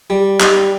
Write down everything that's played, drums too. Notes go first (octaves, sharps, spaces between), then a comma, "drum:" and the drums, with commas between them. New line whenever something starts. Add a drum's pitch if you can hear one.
G3
G3 D#4 D#5, drum: clap